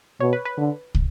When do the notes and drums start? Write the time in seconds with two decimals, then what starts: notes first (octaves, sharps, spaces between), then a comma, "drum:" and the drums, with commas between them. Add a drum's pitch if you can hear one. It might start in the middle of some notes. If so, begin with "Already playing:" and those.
0.20 B2 C#5
0.33 B4
0.45 B4
0.57 D3
0.95 drum: kick